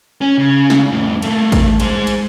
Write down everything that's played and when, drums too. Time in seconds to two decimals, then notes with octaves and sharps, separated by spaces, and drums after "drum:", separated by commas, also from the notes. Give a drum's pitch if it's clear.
0.21 C#4
0.38 C#3
0.70 drum: snare
0.92 F2 A2
1.22 A3 A#3, drum: cymbal
1.52 drum: kick A1, cymbal
1.80 G#3 C5, drum: cymbal
2.07 drum: cymbal